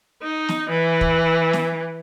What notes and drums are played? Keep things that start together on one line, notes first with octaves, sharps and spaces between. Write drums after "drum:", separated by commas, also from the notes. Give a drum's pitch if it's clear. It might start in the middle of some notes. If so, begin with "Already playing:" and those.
D#4
drum: snare
E3
drum: kick
drum: snare